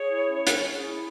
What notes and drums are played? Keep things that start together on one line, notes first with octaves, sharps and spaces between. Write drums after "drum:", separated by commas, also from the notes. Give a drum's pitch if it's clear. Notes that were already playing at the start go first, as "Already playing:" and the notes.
Already playing: G#4 C#5
E4
C#4
C#4, drum: hi-hat
G#4
E4